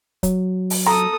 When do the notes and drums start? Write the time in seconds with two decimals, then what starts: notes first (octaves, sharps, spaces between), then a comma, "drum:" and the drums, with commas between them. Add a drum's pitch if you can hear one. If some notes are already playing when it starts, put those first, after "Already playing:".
0.23 F#3, drum: kick, hi-hat
0.70 drum: open hi-hat
0.87 A4 A#5 D#6